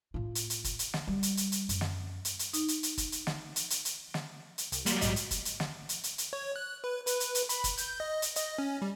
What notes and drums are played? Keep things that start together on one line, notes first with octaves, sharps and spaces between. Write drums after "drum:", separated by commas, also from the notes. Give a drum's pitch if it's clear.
A2 F4
drum: hi-hat
drum: hi-hat
drum: kick, hi-hat
drum: hi-hat
drum: snare
G3
drum: hi-hat
drum: hi-hat
drum: hi-hat
F#2, drum: hi-hat
drum: snare
drum: hi-hat
drum: hi-hat
D#4, drum: hi-hat
drum: hi-hat
drum: hi-hat
drum: kick, hi-hat
drum: hi-hat
drum: snare
drum: hi-hat
drum: hi-hat
drum: hi-hat
drum: snare
drum: hi-hat
C2, drum: hi-hat
F#3 G3 A#3 F5 C6, drum: hi-hat
A#1 G#2 D#5, drum: hi-hat
drum: hi-hat
drum: kick, hi-hat
drum: hi-hat
drum: snare
drum: hi-hat
drum: hi-hat
drum: hi-hat
C#5
F#6
B4
B4, drum: hi-hat
drum: hi-hat
drum: hi-hat
B5, drum: hi-hat
drum: kick, hi-hat
G6, drum: hi-hat
D#5
drum: hi-hat
D#5, drum: hi-hat
C#4
G3